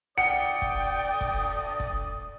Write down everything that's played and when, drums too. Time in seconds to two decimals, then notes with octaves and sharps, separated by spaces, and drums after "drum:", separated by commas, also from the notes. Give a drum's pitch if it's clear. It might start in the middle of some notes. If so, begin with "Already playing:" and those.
0.18 D3 D5 F#5 G5 D#6 C#7
0.62 drum: kick
1.21 drum: kick
1.80 drum: kick